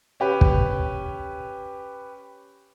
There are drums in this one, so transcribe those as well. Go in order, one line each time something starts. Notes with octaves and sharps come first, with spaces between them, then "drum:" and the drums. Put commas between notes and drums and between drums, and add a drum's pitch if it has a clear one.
C#4 G4 B4
drum: kick